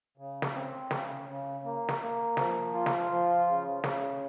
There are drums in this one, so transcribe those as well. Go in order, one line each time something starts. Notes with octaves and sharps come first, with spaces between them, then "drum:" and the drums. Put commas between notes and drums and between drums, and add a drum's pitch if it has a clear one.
C#3
drum: snare
C4
C#3, drum: snare
C#3
A#3
drum: snare
A#3
F3, drum: snare
F4
drum: snare
F3
C#3
C#3, drum: snare